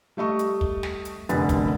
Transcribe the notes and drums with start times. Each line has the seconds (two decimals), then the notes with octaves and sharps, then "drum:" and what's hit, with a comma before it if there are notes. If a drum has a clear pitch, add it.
0.17 G3 A3 D#5 C#6
0.39 drum: hi-hat
0.61 drum: kick
0.83 drum: snare
1.05 drum: hi-hat
1.29 F1 F#2 D3 B4 B5 A6, drum: hi-hat
1.49 drum: kick, hi-hat